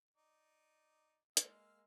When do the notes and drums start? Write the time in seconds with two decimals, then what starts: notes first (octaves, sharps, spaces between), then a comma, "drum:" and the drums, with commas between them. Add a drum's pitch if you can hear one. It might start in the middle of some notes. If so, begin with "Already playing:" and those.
0.16 D#4 D5
1.37 G#3 A#3 F5 E6 F6, drum: hi-hat